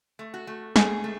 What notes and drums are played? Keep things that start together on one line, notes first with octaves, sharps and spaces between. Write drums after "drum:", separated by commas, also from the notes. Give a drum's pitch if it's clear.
A3
F#4
A3
A3 G#4, drum: snare
A3